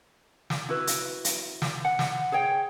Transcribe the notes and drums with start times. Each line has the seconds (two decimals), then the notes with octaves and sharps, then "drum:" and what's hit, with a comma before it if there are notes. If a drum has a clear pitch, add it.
0.50 drum: snare
0.69 E4 F#4 B4
0.87 drum: hi-hat
1.25 drum: hi-hat
1.62 drum: snare
1.85 F#5
1.99 drum: snare
2.32 G#4 C#5 G5